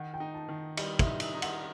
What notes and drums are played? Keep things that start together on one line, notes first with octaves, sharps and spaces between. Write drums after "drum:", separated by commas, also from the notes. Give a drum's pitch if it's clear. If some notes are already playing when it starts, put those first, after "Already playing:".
Already playing: D#3 F#5
G5
D#4
A5
D#3
G3 D#5, drum: cymbal
E5, drum: kick, cymbal
D#4
E5, drum: cymbal
D#4
F#5, drum: cymbal